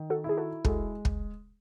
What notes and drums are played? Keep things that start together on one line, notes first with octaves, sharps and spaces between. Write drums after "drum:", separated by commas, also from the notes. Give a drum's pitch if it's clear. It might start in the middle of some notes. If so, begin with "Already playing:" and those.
Already playing: D#3
F#4 A4
E4 G#4
F#4 A4
G#3 F#4 A4, drum: kick
drum: kick